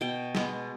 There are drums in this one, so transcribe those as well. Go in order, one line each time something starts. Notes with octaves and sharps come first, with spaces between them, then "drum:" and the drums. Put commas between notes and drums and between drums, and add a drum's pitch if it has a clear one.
B2 G5
G#3 B3, drum: snare